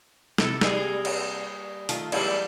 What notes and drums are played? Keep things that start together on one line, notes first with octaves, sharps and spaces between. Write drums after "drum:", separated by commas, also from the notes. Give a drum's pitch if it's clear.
C3 E4 A4, drum: snare
G3 A#3 G#4, drum: snare
drum: cymbal
D#3 A3 F4, drum: open hi-hat
F3 G3 G#3 A#3 E4, drum: cymbal